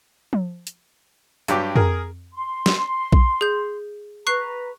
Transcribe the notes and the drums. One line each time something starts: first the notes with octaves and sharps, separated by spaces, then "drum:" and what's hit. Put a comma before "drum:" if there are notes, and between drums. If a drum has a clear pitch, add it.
drum: tom F3
drum: hi-hat
G2 F#3 G4 G5 D6, drum: hi-hat
G#4 A#4, drum: tom F2
C6
drum: snare
drum: kick A#1
G#4 G6
B4 A#5 C#6 F#6 C7